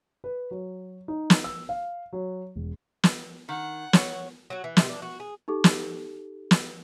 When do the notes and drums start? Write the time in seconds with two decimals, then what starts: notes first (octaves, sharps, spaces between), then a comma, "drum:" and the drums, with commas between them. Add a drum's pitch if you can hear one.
0.24 B4
0.51 F#3
1.08 D#4
1.30 drum: snare
1.44 E6
1.69 F5
2.13 F#3
2.56 E1
3.04 drum: snare
3.49 D#3 F#5
3.93 C#5, drum: snare
4.50 F#3 F#4
4.64 E3
4.77 C3 D#3, drum: snare
4.89 D4
5.02 F#4
5.20 G#4
5.48 D#4 G4 A4
5.64 drum: snare
6.51 drum: snare